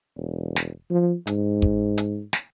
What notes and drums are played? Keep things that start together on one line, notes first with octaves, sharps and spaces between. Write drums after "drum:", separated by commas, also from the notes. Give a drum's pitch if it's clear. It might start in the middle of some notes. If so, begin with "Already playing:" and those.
E1
drum: snare
F3
G#2, drum: hi-hat
drum: kick
drum: hi-hat
drum: snare